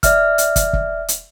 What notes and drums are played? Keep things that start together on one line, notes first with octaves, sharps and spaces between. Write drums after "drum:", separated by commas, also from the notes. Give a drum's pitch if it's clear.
D5 E5 F6, drum: kick, hi-hat
drum: hi-hat
drum: kick, hi-hat
drum: kick
drum: hi-hat